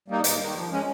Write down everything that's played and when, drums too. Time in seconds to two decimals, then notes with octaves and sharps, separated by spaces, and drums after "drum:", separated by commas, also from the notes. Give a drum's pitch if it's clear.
0.08 G3 A#3 D#4
0.24 G2, drum: hi-hat
0.40 D#3 A#3
0.55 F3
0.71 G#3 C#4